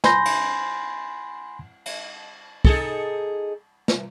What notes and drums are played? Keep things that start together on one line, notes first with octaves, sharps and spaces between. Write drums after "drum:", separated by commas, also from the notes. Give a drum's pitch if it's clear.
G#5 B5 C6 G6 A#6, drum: snare
drum: cymbal
drum: cymbal
D#4 G#4 A4, drum: kick
drum: snare